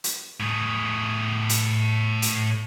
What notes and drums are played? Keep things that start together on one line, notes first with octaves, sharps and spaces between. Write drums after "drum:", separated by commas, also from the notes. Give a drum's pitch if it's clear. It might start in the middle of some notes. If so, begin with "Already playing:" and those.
drum: hi-hat
A2 G#4
drum: hi-hat
drum: hi-hat